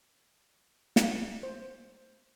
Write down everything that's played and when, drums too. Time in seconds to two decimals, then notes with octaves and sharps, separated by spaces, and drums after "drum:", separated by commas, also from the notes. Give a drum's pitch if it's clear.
0.96 drum: snare
1.43 C5